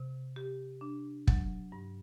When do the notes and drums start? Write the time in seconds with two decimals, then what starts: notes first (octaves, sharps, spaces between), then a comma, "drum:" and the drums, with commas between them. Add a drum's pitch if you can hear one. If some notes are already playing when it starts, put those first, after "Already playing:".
Already playing: C3
0.36 G4
0.81 D4
1.27 F#3, drum: kick
1.72 G2